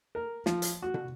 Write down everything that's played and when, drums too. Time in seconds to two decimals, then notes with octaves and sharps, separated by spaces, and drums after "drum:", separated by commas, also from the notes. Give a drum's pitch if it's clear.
0.15 A#4
0.46 F3, drum: snare
0.62 drum: hi-hat
0.82 F#4
0.94 drum: tom